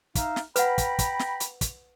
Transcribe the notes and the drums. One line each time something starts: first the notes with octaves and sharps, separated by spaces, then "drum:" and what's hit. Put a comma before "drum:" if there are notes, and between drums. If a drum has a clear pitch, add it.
D#4 E5 F5, drum: kick, hi-hat
drum: snare
B4 F#5 G5 A#5 B5, drum: hi-hat
drum: kick, hi-hat
drum: kick, hi-hat
drum: snare
drum: hi-hat
drum: kick, hi-hat